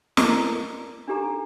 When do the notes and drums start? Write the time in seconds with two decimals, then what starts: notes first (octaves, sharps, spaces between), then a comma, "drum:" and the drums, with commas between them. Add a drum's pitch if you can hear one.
0.17 A#4 D5 D#5 A5 A#5 D6, drum: snare
1.08 D4 D#4 G4 A4 A#5